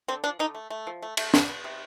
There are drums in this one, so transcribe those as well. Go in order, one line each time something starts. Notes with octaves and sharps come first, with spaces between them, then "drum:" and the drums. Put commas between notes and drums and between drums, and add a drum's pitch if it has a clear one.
D3 C4
F3 D4
D3 D#4
A3
A3
F3
A3
A3, drum: cymbal
B3, drum: snare
B3
C3